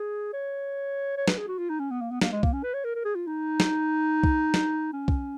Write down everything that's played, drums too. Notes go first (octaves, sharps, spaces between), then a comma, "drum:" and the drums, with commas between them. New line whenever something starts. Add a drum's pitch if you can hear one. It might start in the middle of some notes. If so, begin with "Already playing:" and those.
Already playing: G#4
C#5
C#5
B4, drum: snare
G#4
F#4
F4
D#4
C#4
B3
A#3
B3
A#3, drum: snare
G#3
A#3, drum: kick B1
C#4
B4
C#5
A#4
A#4
G#4
F4
D#4
drum: snare
drum: kick B1
drum: snare
C#4
drum: kick B1